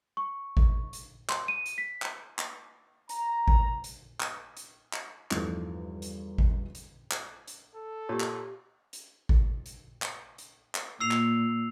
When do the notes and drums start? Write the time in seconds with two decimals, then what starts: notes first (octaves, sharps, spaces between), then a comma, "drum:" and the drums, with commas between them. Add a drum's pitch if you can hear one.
0.17 C#6
0.57 drum: kick G#1
0.93 drum: hi-hat
1.29 C6, drum: clap
1.48 D#7
1.66 drum: hi-hat
1.78 B6
2.02 drum: clap
2.38 drum: clap
3.09 A#5, drum: hi-hat
3.48 drum: kick G#1
3.84 drum: hi-hat
4.20 drum: clap
4.57 drum: hi-hat
4.93 drum: clap
5.31 E2 G2 F3 A3 D#4, drum: clap
6.02 drum: hi-hat
6.38 drum: kick G#1
6.75 drum: hi-hat
7.11 drum: clap
7.48 drum: hi-hat
7.75 A4
8.09 A#2 G4 C#5
8.20 drum: clap
8.93 drum: hi-hat
9.29 drum: kick G#1
9.66 drum: hi-hat
10.02 drum: clap
10.38 drum: hi-hat
10.75 drum: clap
11.00 A#2 E6 C7 F7
11.11 drum: clap